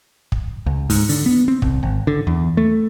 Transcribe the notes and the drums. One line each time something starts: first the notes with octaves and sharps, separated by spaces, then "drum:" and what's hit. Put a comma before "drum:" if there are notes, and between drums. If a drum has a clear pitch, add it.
drum: kick
C#2
G#2, drum: open hi-hat
D3, drum: open hi-hat
B3
C4
C2, drum: kick
G#1
D3
E2
A3